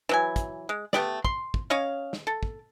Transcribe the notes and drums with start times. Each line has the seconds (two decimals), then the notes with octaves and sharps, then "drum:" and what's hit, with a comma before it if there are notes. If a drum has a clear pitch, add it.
0.09 E3 F#3 G#5
0.36 drum: kick, hi-hat
0.69 G#3
0.93 A3 B3 G4 D5, drum: snare
1.24 C6, drum: kick
1.54 drum: kick
1.70 C#4 C#5 D#5 F5
2.13 drum: snare
2.27 A4
2.43 drum: kick